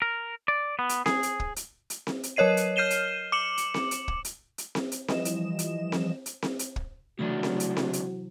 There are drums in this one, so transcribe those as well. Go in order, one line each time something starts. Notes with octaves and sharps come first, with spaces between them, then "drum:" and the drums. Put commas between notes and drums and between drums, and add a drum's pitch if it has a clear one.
A#4
D5
B3
drum: hi-hat
G#4, drum: snare C4
drum: hi-hat
drum: kick
drum: hi-hat
drum: hi-hat
drum: snare C4
drum: hi-hat
F#3 A#4 C#5 D#5 C7 D#7
drum: hi-hat
F6 G6 C7 D#7 E7 G7
drum: hi-hat
D6 C#7 E7 F#7
drum: hi-hat
drum: snare C4
drum: hi-hat
drum: kick
drum: hi-hat
drum: hi-hat
drum: snare C4
drum: hi-hat
E3 F3 G3 D#5 E7, drum: snare C4
drum: hi-hat
drum: hi-hat
drum: snare C4
drum: hi-hat
drum: snare C4
drum: hi-hat
drum: kick
C#2 C3 E3 F#3 A3 D4 F#4
drum: snare C4
drum: hi-hat
drum: snare C4
drum: hi-hat